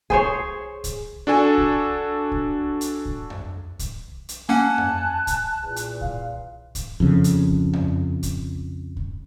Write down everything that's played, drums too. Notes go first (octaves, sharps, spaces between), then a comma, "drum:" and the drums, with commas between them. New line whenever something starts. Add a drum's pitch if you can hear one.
G#4 C5 C#5, drum: kick
drum: kick, hi-hat
D4 F#4 A4 G#5
drum: kick
drum: kick
drum: hi-hat
drum: kick
drum: tom F2
drum: kick, hi-hat
drum: hi-hat
A#3 C#4 F#5 G#5 A5 F#6
drum: tom F2
drum: kick, hi-hat
E2 A#2
drum: hi-hat
F5, drum: kick
drum: kick, hi-hat
F2 C#3
drum: hi-hat
drum: kick
drum: tom F2
drum: kick, hi-hat
drum: kick